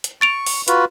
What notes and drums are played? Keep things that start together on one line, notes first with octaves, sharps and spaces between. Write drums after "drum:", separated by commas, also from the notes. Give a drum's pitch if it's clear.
drum: hi-hat
C#6 A6 D7 F7
drum: open hi-hat
F4 F#4 B4, drum: hi-hat